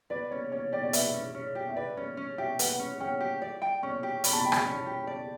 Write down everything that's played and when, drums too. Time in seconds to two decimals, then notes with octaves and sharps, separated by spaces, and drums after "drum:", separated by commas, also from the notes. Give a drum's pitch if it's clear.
0.10 B4 D5
0.31 C#4 C#5
0.52 C#4 C#5
0.72 G4 D5
0.83 D5
0.93 B4 E5, drum: hi-hat
1.14 C#4
1.35 C#4
1.55 G4
1.69 E5
1.76 B4 D5
1.97 C#4 C#5
2.17 C#4
2.38 G4 E5
2.59 B4 F#5, drum: hi-hat
2.79 C#4
3.00 C#4 G5
3.21 G4
3.42 D5
3.62 G5
3.83 C#4 C#6
4.03 G4
4.24 D5 B5, drum: hi-hat
4.33 A5
4.41 G5 B5
4.52 drum: rim click
4.66 C#4
4.86 G4
5.07 D5